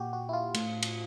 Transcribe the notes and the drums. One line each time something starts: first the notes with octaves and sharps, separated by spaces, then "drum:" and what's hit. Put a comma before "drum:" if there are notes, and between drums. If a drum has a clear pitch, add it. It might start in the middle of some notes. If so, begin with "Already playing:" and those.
Already playing: A#2 F#4 G4
F#4
E4
F4
A2, drum: cymbal
drum: cymbal